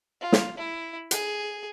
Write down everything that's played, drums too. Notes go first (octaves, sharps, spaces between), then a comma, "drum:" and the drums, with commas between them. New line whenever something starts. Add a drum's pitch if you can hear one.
F4
drum: snare
E4
G#4, drum: hi-hat